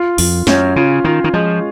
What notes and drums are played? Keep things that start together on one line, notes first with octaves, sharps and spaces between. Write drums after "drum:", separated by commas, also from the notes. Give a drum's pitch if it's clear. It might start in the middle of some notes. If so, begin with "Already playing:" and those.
Already playing: F4
F2 F4, drum: open hi-hat
F#2 C#4, drum: snare
C#3 F4
D#3 F4
D#3
F3 G#3